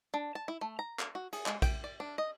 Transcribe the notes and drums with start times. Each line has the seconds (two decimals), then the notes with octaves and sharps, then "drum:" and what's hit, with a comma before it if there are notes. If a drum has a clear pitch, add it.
0.14 D4
0.35 A5
0.48 E4
0.61 A3
0.79 A#5
0.99 drum: clap
1.15 F#4
1.33 G#4, drum: cymbal
1.46 G#3, drum: clap
1.62 G5, drum: kick A#1, cymbal
1.84 D5
2.00 D4
2.18 D#5